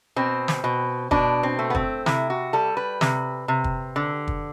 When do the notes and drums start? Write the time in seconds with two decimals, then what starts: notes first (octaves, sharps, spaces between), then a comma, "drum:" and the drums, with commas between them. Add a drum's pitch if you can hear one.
0.16 B2 C4
0.48 drum: snare
0.64 B2
1.11 B2 D4, drum: kick
1.43 C4
1.59 A3
1.70 B3
1.75 C4, drum: kick
2.06 C3 E4, drum: snare
2.30 F#4
2.53 G3 A4
2.77 B4
3.01 C3, drum: snare
3.48 C3
3.64 drum: kick
3.96 D3
4.28 drum: kick